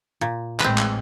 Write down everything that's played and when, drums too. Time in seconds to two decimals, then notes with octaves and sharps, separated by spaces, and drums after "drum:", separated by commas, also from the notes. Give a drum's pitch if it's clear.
0.21 A#2
0.60 A1 A2 G#3 C4 B4, drum: clap
0.78 drum: clap